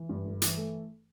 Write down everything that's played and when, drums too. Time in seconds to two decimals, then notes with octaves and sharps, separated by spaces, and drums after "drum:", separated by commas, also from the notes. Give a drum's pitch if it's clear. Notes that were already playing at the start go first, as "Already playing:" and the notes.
Already playing: E3
0.09 G2
0.25 G1
0.42 E3, drum: hi-hat
0.57 A3 A4